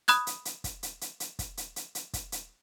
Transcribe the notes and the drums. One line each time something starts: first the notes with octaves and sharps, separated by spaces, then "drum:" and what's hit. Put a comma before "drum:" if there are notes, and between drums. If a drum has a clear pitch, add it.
B5 D#6 F#6 G#6, drum: hi-hat
drum: hi-hat
drum: hi-hat
drum: kick, hi-hat
drum: hi-hat
drum: hi-hat
drum: hi-hat
drum: kick, hi-hat
drum: hi-hat
drum: hi-hat
drum: hi-hat
drum: kick, hi-hat
drum: hi-hat